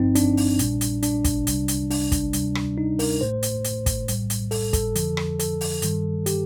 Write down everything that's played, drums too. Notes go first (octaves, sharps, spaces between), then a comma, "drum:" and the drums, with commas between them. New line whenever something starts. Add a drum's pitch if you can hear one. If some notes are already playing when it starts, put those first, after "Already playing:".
Already playing: G1 G2 F3 C4 D#4
D4, drum: hi-hat
drum: open hi-hat
A#1 A#2 G3, drum: hi-hat
drum: hi-hat
D4, drum: hi-hat
drum: kick, hi-hat
C2 C3 G3, drum: hi-hat
drum: hi-hat
D4, drum: open hi-hat
drum: kick, hi-hat
D2 C3 G3, drum: hi-hat
drum: rim click
D#4
A#4, drum: open hi-hat
A1 A2 A3 C5
drum: hi-hat
drum: hi-hat
drum: kick, hi-hat
A#1 A2 G3, drum: hi-hat
drum: hi-hat
A4, drum: open hi-hat
A4, drum: kick, hi-hat
F2 D3 F3, drum: hi-hat
drum: rim click
A4, drum: hi-hat
drum: open hi-hat
G2 D#3 G3, drum: hi-hat
G4, drum: hi-hat